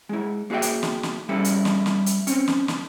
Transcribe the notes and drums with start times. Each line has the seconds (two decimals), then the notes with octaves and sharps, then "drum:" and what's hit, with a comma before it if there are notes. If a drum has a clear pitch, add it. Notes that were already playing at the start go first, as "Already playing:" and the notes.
0.09 G#3 E4
0.50 A#3 F#4 G#4 C#5 E5 G5
0.62 drum: hi-hat
0.83 drum: snare
1.03 drum: snare
1.29 G3 A3 C#4 E4 A4
1.44 drum: hi-hat
1.65 drum: snare
1.86 drum: snare
2.06 drum: hi-hat
2.27 C4 C#4, drum: hi-hat
2.48 drum: snare
2.68 drum: snare